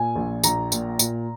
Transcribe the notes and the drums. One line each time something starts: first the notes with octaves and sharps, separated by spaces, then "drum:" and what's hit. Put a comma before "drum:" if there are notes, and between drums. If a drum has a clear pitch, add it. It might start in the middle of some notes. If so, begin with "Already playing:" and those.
Already playing: A#2 G#5
A#1
A#1 A#5, drum: tambourine
A#2, drum: tambourine
A#2, drum: tambourine